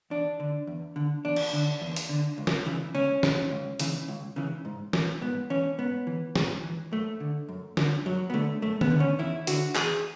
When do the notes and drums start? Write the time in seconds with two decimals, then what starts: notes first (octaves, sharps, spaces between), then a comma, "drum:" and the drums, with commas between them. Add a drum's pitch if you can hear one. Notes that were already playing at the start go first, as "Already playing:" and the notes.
0.10 E2 D4
0.40 D3
0.67 E2
0.96 D3
1.25 E2 D4
1.36 drum: cymbal
1.53 D3
1.81 E2
1.96 drum: hi-hat
2.09 D3
2.38 C#2
2.47 drum: snare
2.66 C#3 E3
2.94 C#2 C#4
3.23 C#3 E3, drum: snare
3.51 C#2
3.80 C#3 E3, drum: hi-hat
4.08 C#2
4.36 C#3 E3
4.65 G#2
4.93 E3, drum: snare
5.22 G#2 B3
5.50 E3 C#4
5.78 G#2 B3
6.07 E3
6.36 G#2, drum: snare
6.63 E3
6.92 F#2 A3
7.20 D3
7.49 F#2
7.77 D3, drum: snare
8.06 F#2 F#3
8.30 B3
8.34 D3 A3
8.62 F#2 A3
8.81 B3, drum: tom D#3
8.91 D3
9.00 C#4
9.19 E2 E4
9.47 D3 F#4, drum: hi-hat
9.75 E2 G#4, drum: clap